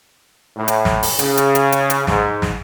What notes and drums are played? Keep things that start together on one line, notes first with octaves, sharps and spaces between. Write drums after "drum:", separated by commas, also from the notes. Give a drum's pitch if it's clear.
A2
drum: hi-hat
drum: snare
drum: open hi-hat
C#3, drum: hi-hat
drum: hi-hat
drum: hi-hat
drum: hi-hat
drum: hi-hat
G#2, drum: snare
drum: snare